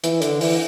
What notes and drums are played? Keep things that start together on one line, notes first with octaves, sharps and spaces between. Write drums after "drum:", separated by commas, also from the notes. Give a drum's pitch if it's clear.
E3, drum: hi-hat
D3, drum: hi-hat
E3, drum: open hi-hat